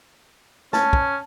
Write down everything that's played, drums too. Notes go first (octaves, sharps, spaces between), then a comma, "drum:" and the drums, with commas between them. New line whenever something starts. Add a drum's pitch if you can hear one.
C#4 A5, drum: snare
drum: kick